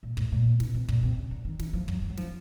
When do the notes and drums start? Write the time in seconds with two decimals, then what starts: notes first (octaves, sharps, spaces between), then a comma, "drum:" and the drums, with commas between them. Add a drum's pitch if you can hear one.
0.03 A#2
0.17 A2, drum: kick
0.32 A#2
0.60 B2, drum: snare
0.75 C3
0.88 A#2, drum: kick
1.03 C3
1.17 C#3
1.31 D3
1.45 D#3
1.59 E3, drum: snare
1.73 F3
1.88 F#3, drum: kick
2.02 F3
2.10 F#3
2.17 F3, drum: snare